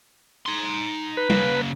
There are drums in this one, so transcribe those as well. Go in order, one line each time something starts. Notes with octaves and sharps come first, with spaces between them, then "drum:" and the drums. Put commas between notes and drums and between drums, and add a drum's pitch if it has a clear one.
D#4 C6
B4
C#3 A#3, drum: tom G3